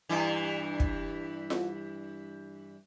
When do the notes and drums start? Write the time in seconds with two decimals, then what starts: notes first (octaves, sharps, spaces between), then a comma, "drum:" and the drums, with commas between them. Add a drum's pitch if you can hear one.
0.09 G2 E3
0.80 drum: kick
1.50 drum: snare F4